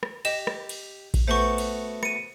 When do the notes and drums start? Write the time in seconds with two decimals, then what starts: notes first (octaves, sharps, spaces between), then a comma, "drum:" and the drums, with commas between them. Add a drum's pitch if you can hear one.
0.03 drum: rim click
0.25 G4 D#5 E7, drum: cymbal
0.47 drum: rim click
0.69 drum: cymbal
1.14 drum: kick A#1, cymbal
1.28 A3 B3 F#4 C5 C#6
1.58 drum: cymbal
2.03 C#7 D#7, drum: rim click